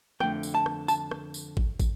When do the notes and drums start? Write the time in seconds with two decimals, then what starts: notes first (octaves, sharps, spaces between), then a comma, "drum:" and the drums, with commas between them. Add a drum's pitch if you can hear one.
0.20 F2 D3 A3 G5, drum: rim click
0.43 drum: tambourine
0.55 A5
0.66 drum: rim click
0.88 A5, drum: tambourine
1.11 drum: rim click
1.34 drum: tambourine
1.57 drum: kick
1.80 drum: kick, tambourine